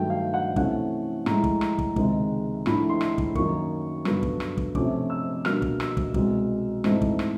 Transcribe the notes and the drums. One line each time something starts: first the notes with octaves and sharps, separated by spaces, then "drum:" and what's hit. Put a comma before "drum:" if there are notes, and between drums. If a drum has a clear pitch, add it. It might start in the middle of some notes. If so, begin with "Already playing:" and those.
Already playing: G2 D#3 F#3 A3 G5
F5
F#5
C3 E3 A3 C#4 F#5, drum: kick
A2 F3 G#3 A#5, drum: rim click
drum: kick
drum: rim click
drum: kick
C#2 C3 D#3 G#3, drum: kick
A2 F3 A3 D4 B5, drum: rim click
C6
drum: rim click
drum: kick
F#2 D#3 F#3 A#3 C#6, drum: kick
G2 D3 F#3 B3, drum: rim click
drum: kick
drum: rim click
drum: kick
C3 F3 A3 C#4 D6, drum: kick
E6
B2 G3 A#3 D4 F6, drum: rim click
drum: kick
E6, drum: rim click
drum: kick
C2 B2 G#3, drum: kick
G#2 E3 A3 C4 D#4, drum: rim click
drum: kick
drum: rim click